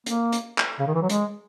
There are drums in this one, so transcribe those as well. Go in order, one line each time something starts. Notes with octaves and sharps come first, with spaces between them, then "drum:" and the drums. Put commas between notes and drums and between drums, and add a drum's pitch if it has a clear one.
A#3, drum: hi-hat
drum: hi-hat
drum: clap
C#3
D#3
E3
F#3
G#3, drum: hi-hat